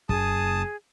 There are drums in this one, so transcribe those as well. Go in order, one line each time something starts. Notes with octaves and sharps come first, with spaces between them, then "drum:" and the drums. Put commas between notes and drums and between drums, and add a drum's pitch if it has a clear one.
F#1 G#4 A5 D#6, drum: kick